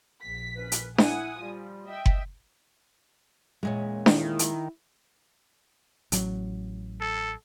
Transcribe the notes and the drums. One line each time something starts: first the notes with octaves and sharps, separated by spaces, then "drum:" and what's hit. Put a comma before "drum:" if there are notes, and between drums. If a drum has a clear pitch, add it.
A#1 B6
C2 C#4 B4
drum: hi-hat
E4 F#5 G#5 D#6, drum: snare D4
F3 G3
D#5 E5 G5
drum: kick F#1
E2 A#2 G#3 C#4
D#3 E4, drum: snare D4
drum: hi-hat
A1 F#3, drum: hi-hat
A4